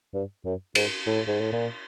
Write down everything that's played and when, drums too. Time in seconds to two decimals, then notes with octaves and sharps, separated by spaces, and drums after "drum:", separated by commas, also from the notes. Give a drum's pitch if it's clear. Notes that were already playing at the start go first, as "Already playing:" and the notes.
0.14 G2
0.45 F#2
0.75 G#2, drum: cymbal
1.06 A2
1.27 G#2
1.40 A2
1.52 A#2